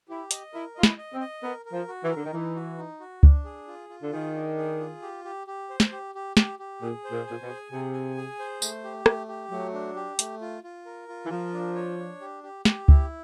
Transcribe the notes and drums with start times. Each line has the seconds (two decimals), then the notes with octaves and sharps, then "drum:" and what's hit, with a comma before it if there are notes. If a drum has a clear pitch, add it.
0.09 E4 G4
0.31 D#5, drum: hi-hat
0.53 E4 A#4
0.76 F4 D#5
0.83 E4, drum: snare
0.98 D#5
1.14 C4
1.20 D#5
1.43 B3 A#4
1.66 A#4
1.72 F3
1.88 F#4
2.03 E3
2.10 A#4
2.17 D3
2.24 D#3
2.33 E3 D#4
2.55 F#4
2.78 D#4
3.00 F#4
3.23 D4, drum: kick C#2
3.45 G#4
3.67 F4
3.89 F4
4.02 D3
4.12 D#3 G#4
4.35 D4
4.57 G#4
4.80 F4
5.02 G4
5.24 G4
5.47 G4
5.70 C5
5.80 drum: snare
5.92 G4
6.15 G4
6.37 G4, drum: snare
6.59 G4
6.82 A#2 G#4
7.04 C5
7.11 A#2
7.27 A#2 G#5
7.41 B2
7.49 G#4
7.72 C3 G#4
7.93 G#5
8.17 G#4
8.39 C5
8.62 A3, drum: tambourine
8.84 G4
9.06 A3, drum: rim click
9.28 G4
9.51 F#3 A3
9.74 D4
9.96 G4
10.19 A3, drum: hi-hat
10.41 F4
10.64 F4
10.86 A#4
11.08 F4
11.26 E3
11.30 F3 A#4
11.53 D4
11.76 C#5
11.99 D4
12.21 G4
12.43 G4
12.65 G4, drum: snare
12.88 E4, drum: kick C#2